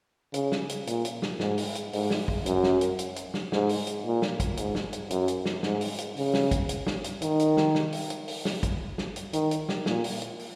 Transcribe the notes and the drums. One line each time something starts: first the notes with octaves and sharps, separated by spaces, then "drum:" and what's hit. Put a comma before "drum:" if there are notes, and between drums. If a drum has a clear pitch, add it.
C#3, drum: hi-hat
drum: snare
drum: hi-hat
A#2, drum: hi-hat
drum: hi-hat
drum: snare
G#2, drum: snare
drum: open hi-hat
drum: hi-hat
G#2, drum: open hi-hat
drum: snare
drum: kick
F#2, drum: hi-hat
drum: snare
drum: hi-hat
drum: hi-hat
drum: hi-hat
drum: snare
G#2, drum: snare
drum: open hi-hat
drum: hi-hat
A#2
drum: snare
drum: kick, hi-hat
G#2, drum: hi-hat
drum: snare
drum: hi-hat
F#2, drum: hi-hat
drum: hi-hat
drum: snare
G#2, drum: snare
drum: open hi-hat
drum: hi-hat
C#3, drum: open hi-hat
drum: snare
drum: kick, hi-hat
drum: hi-hat
drum: snare
drum: hi-hat
D#3, drum: hi-hat
drum: hi-hat
drum: snare
drum: snare
drum: open hi-hat
drum: hi-hat
drum: open hi-hat
drum: snare
drum: kick, hi-hat
drum: snare
drum: hi-hat
D#3, drum: hi-hat
drum: hi-hat
drum: snare
A#2, drum: snare
drum: open hi-hat
drum: hi-hat
drum: open hi-hat